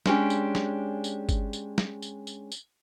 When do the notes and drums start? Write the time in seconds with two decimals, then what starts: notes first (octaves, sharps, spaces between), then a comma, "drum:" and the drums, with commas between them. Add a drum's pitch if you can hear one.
0.06 G#3 C#4 D4 G4, drum: snare
0.30 drum: tambourine
0.55 drum: snare
1.04 drum: tambourine
1.29 drum: kick G1, tambourine
1.53 drum: tambourine
1.78 drum: snare
2.02 drum: tambourine
2.27 drum: tambourine
2.52 drum: tambourine